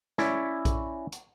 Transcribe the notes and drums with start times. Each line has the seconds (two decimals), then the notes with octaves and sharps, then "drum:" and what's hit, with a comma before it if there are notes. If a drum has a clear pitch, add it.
0.18 C#4 E4 C#5 D5, drum: snare
0.65 drum: kick A#1, hi-hat
1.12 drum: hi-hat